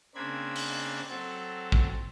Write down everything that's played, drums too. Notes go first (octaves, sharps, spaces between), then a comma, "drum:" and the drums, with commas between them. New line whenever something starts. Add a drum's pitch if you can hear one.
C#3 A#3 C4 D4 B5 G#6
drum: open hi-hat
F#3 C4 A4
drum: kick A1